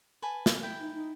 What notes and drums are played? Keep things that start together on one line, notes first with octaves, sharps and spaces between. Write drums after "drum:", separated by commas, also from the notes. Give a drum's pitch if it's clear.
B4 G#5 A5
drum: snare
E4 G5
D#4
D#4